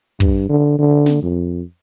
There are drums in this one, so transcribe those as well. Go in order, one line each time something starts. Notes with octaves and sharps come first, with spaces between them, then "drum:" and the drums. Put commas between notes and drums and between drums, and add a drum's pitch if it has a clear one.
G2, drum: kick
D3
D3
drum: snare
F2